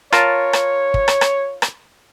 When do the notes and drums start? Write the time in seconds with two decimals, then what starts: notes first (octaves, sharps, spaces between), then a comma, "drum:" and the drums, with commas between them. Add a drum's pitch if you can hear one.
0.13 F4 A#4 C#5 A5, drum: rim click
0.53 drum: rim click
0.94 drum: kick
1.08 drum: rim click
1.21 drum: rim click
1.62 drum: rim click